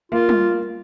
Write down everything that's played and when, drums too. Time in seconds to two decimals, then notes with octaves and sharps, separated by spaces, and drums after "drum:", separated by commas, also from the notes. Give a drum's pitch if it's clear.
0.12 A#3 F4
0.29 drum: tom G3